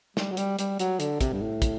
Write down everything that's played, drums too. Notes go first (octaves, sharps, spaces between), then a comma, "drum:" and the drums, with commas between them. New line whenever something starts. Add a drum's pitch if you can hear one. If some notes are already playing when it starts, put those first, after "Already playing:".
G3, drum: snare
F#3
G3, drum: hi-hat
G3, drum: hi-hat
F#3, drum: hi-hat
D3, drum: hi-hat
C3, drum: kick, hi-hat
G2
A2
drum: kick, hi-hat